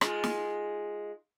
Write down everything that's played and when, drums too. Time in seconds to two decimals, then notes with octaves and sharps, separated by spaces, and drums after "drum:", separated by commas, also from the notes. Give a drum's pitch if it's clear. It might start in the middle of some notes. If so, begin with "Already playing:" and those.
0.01 G#3 D#4 F4, drum: rim click
0.24 drum: snare